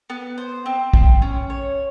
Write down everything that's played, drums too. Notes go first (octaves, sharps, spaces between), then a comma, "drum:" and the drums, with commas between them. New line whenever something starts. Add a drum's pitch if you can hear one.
B3
C5
C4
C4, drum: kick
C#4
C#5